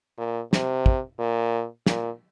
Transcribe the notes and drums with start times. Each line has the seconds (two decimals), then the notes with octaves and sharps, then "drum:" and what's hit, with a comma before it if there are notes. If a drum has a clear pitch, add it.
0.18 A#2
0.53 C3, drum: snare
0.86 drum: kick
1.19 A#2
1.86 A#2, drum: snare